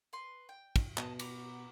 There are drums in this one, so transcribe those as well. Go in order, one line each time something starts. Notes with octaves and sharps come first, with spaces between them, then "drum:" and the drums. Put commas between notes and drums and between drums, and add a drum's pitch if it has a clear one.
B4 C6
G5
drum: kick, cymbal
B2 D#5 F5 A5, drum: clap
A#5 B5 D6, drum: cymbal